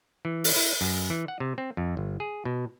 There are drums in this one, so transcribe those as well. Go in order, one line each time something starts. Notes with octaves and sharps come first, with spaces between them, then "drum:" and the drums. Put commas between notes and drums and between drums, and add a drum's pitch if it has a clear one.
E3
drum: open hi-hat
E4
F#2
E3
F#5
C3
C4
F2
G1
G#4
B2